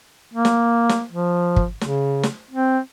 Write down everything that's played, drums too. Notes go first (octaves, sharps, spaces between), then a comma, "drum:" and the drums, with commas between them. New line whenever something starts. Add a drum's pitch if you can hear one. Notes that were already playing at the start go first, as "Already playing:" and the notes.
A#3
drum: snare
drum: snare
F3
drum: kick
C#3, drum: snare
drum: snare
C4